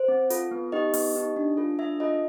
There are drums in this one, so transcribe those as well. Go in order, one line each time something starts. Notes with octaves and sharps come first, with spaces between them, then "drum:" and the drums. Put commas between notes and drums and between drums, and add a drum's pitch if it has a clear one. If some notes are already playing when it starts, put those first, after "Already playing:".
Already playing: C5
C4
F4 A4, drum: hi-hat
B3
D#4 G4 D#5
B3, drum: open hi-hat
D#4 G4
D4
F4 A4
D4 E5
F4 A4 D#5